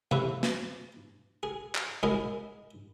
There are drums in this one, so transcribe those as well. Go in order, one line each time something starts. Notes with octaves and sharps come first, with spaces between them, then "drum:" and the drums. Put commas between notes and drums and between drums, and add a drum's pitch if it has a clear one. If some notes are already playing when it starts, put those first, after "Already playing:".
E2 C3 B4 E5, drum: tom C3
drum: snare
G#4
drum: clap
B2 G#3 E4 G#4 A#4 D#6